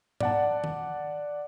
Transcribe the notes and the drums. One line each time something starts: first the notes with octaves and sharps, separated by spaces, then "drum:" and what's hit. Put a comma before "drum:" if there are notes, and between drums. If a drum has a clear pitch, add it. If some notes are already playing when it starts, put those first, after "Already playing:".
D5 F#5 A5, drum: tom G#2
drum: tom D#3